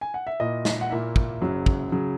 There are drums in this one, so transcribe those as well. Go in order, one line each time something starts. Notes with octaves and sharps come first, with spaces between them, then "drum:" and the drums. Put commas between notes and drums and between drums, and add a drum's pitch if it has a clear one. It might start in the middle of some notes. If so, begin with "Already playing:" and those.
G#5
F#5
E5
A#2 A#3 E4 D#5
drum: snare
F#5
A#2 A#3 E4 E5
drum: kick
F#1 F#2 C#3 F#3
drum: kick
C#3 F#3